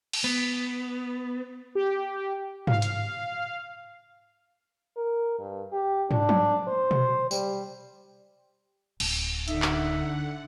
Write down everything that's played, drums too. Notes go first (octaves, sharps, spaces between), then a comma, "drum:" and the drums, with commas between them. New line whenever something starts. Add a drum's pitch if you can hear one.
drum: cymbal
B3
G4
F5, drum: tom G#2
drum: hi-hat
A#4
G2
G4
D4, drum: tom
drum: tom F3
C5
drum: tom B2
G3, drum: tambourine
D1, drum: cymbal
D3 D#4 E5 F#5, drum: hi-hat
drum: clap